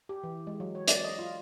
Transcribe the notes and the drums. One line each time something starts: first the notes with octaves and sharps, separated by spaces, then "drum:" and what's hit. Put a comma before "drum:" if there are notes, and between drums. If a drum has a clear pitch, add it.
G4
E3
G#3
F#3
C#5
D5, drum: hi-hat
D#5
F4